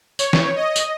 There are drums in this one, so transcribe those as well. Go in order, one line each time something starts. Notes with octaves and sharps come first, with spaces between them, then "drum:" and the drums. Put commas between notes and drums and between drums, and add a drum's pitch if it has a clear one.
C#5, drum: tambourine
drum: snare
D#5
drum: tambourine